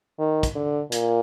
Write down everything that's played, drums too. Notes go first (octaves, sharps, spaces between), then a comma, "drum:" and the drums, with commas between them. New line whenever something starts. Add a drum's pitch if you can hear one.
D#3
drum: kick, hi-hat
D3
A#2, drum: hi-hat